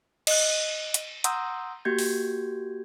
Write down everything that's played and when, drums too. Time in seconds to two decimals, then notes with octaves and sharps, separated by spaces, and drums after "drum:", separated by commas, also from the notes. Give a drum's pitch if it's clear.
0.27 D#5 F#6, drum: cymbal
0.94 drum: hi-hat
1.24 F#5 A#5 C6 D#6 E6 G6, drum: hi-hat
1.85 A#3 F#4 G4 G6 G#6
1.99 drum: open hi-hat